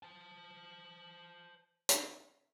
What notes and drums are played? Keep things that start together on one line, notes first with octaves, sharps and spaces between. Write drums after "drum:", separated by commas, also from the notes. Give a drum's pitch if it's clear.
C5 A5
drum: hi-hat